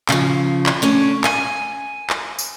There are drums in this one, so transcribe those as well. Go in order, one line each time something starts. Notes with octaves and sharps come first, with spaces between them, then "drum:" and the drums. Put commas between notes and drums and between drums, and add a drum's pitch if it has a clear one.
C#3 F3, drum: clap
drum: clap
A3 C#4 D4
G#5, drum: clap
drum: clap
drum: tambourine